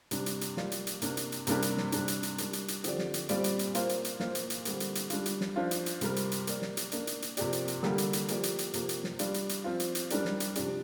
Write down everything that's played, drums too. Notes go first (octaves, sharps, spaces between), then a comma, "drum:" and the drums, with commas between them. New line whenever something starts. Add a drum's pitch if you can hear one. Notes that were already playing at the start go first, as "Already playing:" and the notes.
C3 G3 D4, drum: hi-hat
drum: hi-hat
drum: hi-hat
G3 A#3 F4 D5, drum: snare
drum: hi-hat
drum: hi-hat
C3 A#3 D4, drum: hi-hat
drum: hi-hat
drum: hi-hat
C3 G3 A#3 D4 G4, drum: hi-hat
drum: hi-hat
drum: snare
C3 G3 D4, drum: hi-hat
drum: hi-hat
drum: hi-hat
G3 D4 A#4, drum: hi-hat
drum: hi-hat
drum: hi-hat
D3 F3 C4 G4 D5, drum: hi-hat
drum: snare
drum: hi-hat
A#2 G3 C4 F4 D5, drum: hi-hat
drum: hi-hat
drum: hi-hat
A#3 F4 C5, drum: hi-hat
drum: hi-hat
drum: hi-hat
A#2 A#3 F4 C5, drum: snare
drum: hi-hat
drum: hi-hat
D3 G3 C4 A#4, drum: hi-hat
drum: hi-hat
drum: hi-hat
G3 D4 F4, drum: hi-hat
drum: hi-hat
drum: snare
F3 D4 F4
drum: hi-hat
drum: hi-hat
C3 G3 C4 A#4, drum: hi-hat
drum: hi-hat
drum: hi-hat
A#3 G4 A#4 D5, drum: hi-hat
drum: snare
drum: hi-hat
A#3 D4 A#4 D5, drum: hi-hat
drum: hi-hat
drum: hi-hat
C3 F3 A#3 G4 D5, drum: hi-hat
drum: hi-hat
drum: hi-hat
D3 G3 A#3 G4, drum: snare
drum: hi-hat
drum: hi-hat
F3 A#3 G4 D5, drum: hi-hat
drum: hi-hat
drum: hi-hat
C3 F3 A#3 G4, drum: hi-hat
drum: hi-hat
drum: snare
G3 D4 F4 D5, drum: hi-hat
drum: hi-hat
drum: hi-hat
F3 C4 F4
drum: hi-hat
drum: hi-hat
G3 D4 G4 A#4 D5, drum: hi-hat
drum: snare
drum: hi-hat
C3 F3 D4 G4 D5, drum: hi-hat